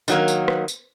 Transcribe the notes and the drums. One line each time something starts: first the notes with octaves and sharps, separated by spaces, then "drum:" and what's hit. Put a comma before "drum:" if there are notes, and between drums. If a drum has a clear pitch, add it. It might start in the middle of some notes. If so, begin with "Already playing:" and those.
D#3 F#3 A#3, drum: tambourine
drum: tambourine
drum: rim click
drum: tambourine